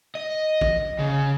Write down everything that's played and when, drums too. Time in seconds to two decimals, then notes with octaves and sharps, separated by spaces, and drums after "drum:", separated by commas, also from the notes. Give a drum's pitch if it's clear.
0.15 D#5
0.61 drum: kick A1
0.99 C#3